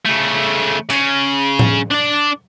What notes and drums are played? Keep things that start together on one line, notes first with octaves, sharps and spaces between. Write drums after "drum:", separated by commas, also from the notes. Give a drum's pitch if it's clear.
C#3 A3
C#3, drum: hi-hat
drum: tom A2
D4 D5